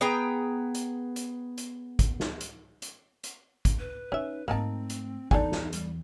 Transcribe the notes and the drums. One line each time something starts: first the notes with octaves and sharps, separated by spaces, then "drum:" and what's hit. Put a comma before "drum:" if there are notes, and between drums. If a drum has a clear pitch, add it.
B3 G#4 G5 A#5
drum: hi-hat
drum: hi-hat
drum: hi-hat
drum: kick, hi-hat
drum: snare
drum: hi-hat
drum: hi-hat
drum: hi-hat
drum: kick, hi-hat
B4
C#4 D#4 E5
G#2 A3 A#3 C4 D#4 A5
drum: hi-hat
E2 E3 D4 D#4 A4 G#5, drum: kick
drum: snare
G3, drum: hi-hat